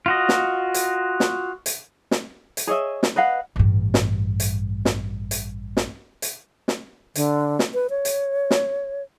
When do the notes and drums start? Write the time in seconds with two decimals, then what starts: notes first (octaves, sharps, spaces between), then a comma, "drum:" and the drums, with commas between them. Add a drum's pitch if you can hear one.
0.06 F4 F#4 D#5
0.29 drum: snare
0.74 drum: hi-hat
1.20 drum: snare
1.66 drum: hi-hat
2.11 drum: snare
2.57 drum: hi-hat
2.67 G#4 C#5 D#5 E5
3.03 drum: snare
3.16 B4 D#5 F5 F#5
3.56 A1 G2
3.94 drum: snare
4.40 drum: hi-hat
4.85 drum: snare
5.31 drum: hi-hat
5.77 drum: snare
6.22 drum: hi-hat
6.68 drum: snare
7.15 D3, drum: hi-hat
7.59 drum: snare
7.74 B4
7.90 C#5
8.05 drum: hi-hat
8.51 drum: snare